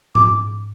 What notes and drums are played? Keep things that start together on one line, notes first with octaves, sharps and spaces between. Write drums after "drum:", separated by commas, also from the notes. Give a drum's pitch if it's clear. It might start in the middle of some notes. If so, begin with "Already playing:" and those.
D6, drum: tom G#2